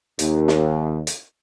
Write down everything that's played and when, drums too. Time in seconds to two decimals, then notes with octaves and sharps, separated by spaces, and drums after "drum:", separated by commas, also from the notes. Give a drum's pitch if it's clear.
0.19 D#2, drum: hi-hat
0.48 drum: snare
1.07 drum: hi-hat